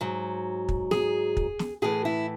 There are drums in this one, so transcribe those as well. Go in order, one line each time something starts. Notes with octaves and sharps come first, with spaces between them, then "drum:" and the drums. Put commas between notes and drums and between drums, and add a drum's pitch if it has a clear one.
G#2 F#3
drum: kick
G#4, drum: snare
drum: kick
drum: snare
A2 E3 G#4
E4